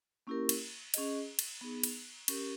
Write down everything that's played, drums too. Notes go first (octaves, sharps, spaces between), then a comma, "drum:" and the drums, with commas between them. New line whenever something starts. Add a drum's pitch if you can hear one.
A#3 C#4 E4 G4 A#4
drum: cymbal
C#4 G#4 D#5, drum: cymbal
drum: cymbal
B3 D#4 G#4
drum: cymbal
C#4 G4 A#4, drum: cymbal